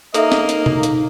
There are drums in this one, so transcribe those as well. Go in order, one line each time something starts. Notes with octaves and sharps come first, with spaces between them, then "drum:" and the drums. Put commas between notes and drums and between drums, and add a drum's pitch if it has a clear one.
A#3 D#4 A4 A#4 D#5 E5, drum: hi-hat
drum: snare
drum: hi-hat
drum: tom B2
drum: hi-hat